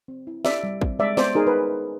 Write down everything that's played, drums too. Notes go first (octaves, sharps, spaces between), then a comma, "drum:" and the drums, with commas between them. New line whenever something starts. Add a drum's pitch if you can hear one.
C4
E4
G4 D5 E5, drum: snare
G3
C4, drum: kick
G#3 D5 E5
B3 C5 D5, drum: snare
D#4 G#4 A#4
B4